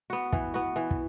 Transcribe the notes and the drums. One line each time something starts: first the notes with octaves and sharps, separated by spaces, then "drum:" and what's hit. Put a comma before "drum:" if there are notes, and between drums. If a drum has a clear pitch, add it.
B3 F#4
E3, drum: kick
B3 F#4
E3
drum: kick